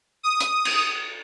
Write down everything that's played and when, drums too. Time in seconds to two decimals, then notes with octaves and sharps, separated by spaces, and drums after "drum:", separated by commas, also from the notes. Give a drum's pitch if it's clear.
0.23 D#6
0.40 drum: hi-hat
0.65 drum: cymbal